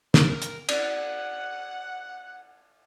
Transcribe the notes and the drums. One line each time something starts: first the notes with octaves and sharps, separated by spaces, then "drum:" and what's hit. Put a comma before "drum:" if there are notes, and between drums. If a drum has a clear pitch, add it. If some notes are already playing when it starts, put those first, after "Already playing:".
A#4, drum: snare
drum: hi-hat
D5 F#5, drum: cymbal